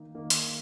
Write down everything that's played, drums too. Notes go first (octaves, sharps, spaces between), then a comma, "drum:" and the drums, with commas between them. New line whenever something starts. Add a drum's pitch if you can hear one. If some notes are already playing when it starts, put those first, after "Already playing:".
Already playing: D#3 A#3 D#4
D#3 A#3 D#4
drum: hi-hat